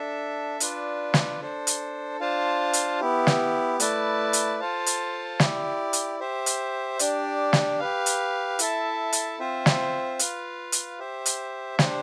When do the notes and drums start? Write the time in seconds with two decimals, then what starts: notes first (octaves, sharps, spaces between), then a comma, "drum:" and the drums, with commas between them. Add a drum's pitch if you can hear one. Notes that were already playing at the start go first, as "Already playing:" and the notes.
Already playing: D4 A4 E5
0.60 D4 F4 B4 D5, drum: hi-hat
1.14 drum: snare
1.41 D4 A4 C5
1.67 drum: hi-hat
2.20 D4 F4 C5 F5 A5
2.73 drum: hi-hat
3.00 B3 E4 G4
3.27 drum: snare
3.80 A3 E4 B4 D5 A5, drum: hi-hat
4.33 drum: hi-hat
4.60 F4 A4 C5 F5 A5
4.86 drum: hi-hat
5.40 E4 G4 D5, drum: snare
5.93 drum: hi-hat
6.20 G4 C5 E5
6.46 drum: hi-hat
6.99 D4 G4 D5, drum: hi-hat
7.53 drum: snare
7.79 G4 B4 F5
8.06 drum: hi-hat
8.59 E4 A4 E5 A5, drum: hi-hat
9.13 drum: hi-hat
9.39 C4 F4 C5 E5
9.66 drum: snare
10.19 F4 B4 F5, drum: hi-hat
10.72 drum: hi-hat
10.99 G4 C5 E5
11.26 drum: hi-hat
11.79 D4 G4 C5, drum: snare